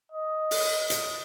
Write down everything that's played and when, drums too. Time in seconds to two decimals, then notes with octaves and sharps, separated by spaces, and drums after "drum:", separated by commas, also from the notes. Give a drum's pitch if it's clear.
0.12 D#5
0.51 drum: open hi-hat
0.90 drum: hi-hat